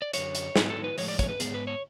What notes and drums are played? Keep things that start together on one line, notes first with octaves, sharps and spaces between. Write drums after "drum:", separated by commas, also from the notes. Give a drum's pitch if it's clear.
D5
F#2 D3 F#3 C#5, drum: hi-hat
drum: hi-hat
G#2 F#3 B3, drum: snare
A4
B4
A2 F3 G#3 C#5, drum: open hi-hat
D5
C#5, drum: kick, hi-hat
B4
G#2 F3 B3 G#4, drum: hi-hat
B4
C#5